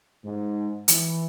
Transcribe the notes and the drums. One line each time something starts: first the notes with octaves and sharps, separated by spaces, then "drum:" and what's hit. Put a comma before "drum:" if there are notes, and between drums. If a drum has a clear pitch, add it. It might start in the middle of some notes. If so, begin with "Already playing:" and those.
G#2
E3, drum: hi-hat